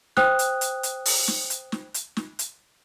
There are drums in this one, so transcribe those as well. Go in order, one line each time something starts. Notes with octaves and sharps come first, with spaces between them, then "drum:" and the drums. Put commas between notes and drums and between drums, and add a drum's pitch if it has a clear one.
C5 G5 D#6 F#6, drum: snare
drum: hi-hat
drum: hi-hat
drum: hi-hat
drum: open hi-hat
drum: snare
drum: hi-hat
drum: snare
drum: hi-hat
drum: snare
drum: hi-hat